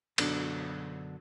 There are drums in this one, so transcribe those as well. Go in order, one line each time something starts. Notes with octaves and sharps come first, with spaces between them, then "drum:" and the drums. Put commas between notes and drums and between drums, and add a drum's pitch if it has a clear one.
F#2 B2 D3 D4, drum: cymbal